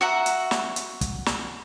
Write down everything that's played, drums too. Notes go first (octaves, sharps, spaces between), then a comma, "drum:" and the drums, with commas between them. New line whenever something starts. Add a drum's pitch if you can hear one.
F#4 E5 F#5 A#5
drum: hi-hat
drum: snare
drum: hi-hat
drum: kick, hi-hat
drum: snare